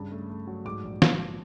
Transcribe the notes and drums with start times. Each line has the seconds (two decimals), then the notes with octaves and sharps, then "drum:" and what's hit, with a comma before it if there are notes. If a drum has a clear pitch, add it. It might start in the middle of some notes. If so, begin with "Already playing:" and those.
Already playing: G2 C#3
0.12 A3
0.30 A3
0.47 F#3
0.65 G#2 D6
0.84 A#1
1.02 F3, drum: snare
1.19 F3